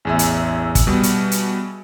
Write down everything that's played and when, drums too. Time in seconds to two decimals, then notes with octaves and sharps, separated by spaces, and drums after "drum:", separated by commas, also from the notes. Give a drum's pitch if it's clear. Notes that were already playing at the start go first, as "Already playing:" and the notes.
0.05 A1 E2 G#4 E5 G#5
0.19 drum: hi-hat
0.75 drum: kick, hi-hat
0.87 B2 G3
1.03 drum: hi-hat
1.31 drum: hi-hat